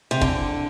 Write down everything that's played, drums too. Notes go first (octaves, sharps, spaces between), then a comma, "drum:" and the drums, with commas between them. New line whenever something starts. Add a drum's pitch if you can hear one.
C3
D3, drum: kick